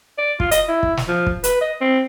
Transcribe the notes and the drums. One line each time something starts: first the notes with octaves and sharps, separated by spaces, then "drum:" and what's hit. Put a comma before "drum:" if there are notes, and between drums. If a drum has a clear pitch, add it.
D5
F4, drum: kick
D#5, drum: hi-hat
E4
drum: kick
drum: snare
F3
drum: kick
B4, drum: hi-hat
D#5
C4